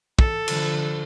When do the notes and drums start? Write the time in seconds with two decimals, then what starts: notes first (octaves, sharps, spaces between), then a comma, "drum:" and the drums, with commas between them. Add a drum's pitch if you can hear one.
0.19 A4, drum: kick
0.48 D3 F3, drum: cymbal